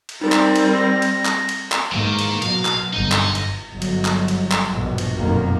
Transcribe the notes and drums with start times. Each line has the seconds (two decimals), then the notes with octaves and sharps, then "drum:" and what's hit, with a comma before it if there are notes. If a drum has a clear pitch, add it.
0.09 drum: cymbal
0.22 G3 C4 D#4 A#4
0.32 drum: clap
0.56 drum: cymbal
0.74 A#6
1.02 drum: cymbal
1.25 drum: clap
1.49 drum: cymbal
1.72 drum: clap
1.92 G#2 D#3 E3 A#3
2.19 drum: cymbal
2.42 B2 F#3 F5, drum: cymbal
2.65 drum: clap
2.93 G1 D#4
3.12 drum: clap
3.35 drum: cymbal
3.72 G1 F#3
3.82 drum: cymbal
4.05 drum: clap
4.28 drum: cymbal
4.52 drum: clap
4.72 A#1 G2 B2
4.98 drum: cymbal
5.16 F1 F#2 B2 D#3 A#3